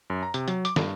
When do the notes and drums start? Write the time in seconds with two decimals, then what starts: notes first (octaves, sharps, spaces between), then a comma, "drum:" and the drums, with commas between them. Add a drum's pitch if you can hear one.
0.10 F#2
0.23 A#5
0.34 C3, drum: hi-hat
0.48 F#3, drum: hi-hat
0.65 D6, drum: hi-hat
0.76 G2, drum: snare